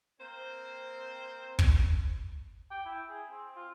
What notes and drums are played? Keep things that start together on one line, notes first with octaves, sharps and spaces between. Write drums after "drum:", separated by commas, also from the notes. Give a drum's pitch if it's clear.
A#3 C4 C5
drum: kick
G5
E4
G#4
C4
F4